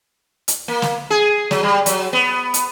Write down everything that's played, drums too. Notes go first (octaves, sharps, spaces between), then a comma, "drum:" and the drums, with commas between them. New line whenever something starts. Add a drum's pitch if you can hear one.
drum: hi-hat
A#3
drum: snare
G#4
F#3, drum: snare
G3
F#3, drum: hi-hat
B3
drum: hi-hat